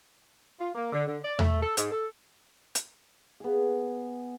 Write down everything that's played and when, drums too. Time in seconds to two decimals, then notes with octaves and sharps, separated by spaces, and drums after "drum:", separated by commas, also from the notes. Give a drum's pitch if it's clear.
0.59 F4
0.75 A#3
0.92 D3
1.07 D3
1.23 D5
1.39 A3, drum: tom E2
1.62 A4
1.77 G#2, drum: hi-hat
1.91 A4
2.75 drum: hi-hat
3.40 B3 G#4